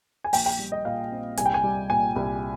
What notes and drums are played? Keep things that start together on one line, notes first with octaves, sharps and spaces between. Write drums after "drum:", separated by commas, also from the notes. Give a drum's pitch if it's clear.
G#5
A#1 G5, drum: open hi-hat
G5
G3
D#5
A#2 F5
C4
C2 G#5, drum: hi-hat
G5
G#5
G3
A#2 G#5
C2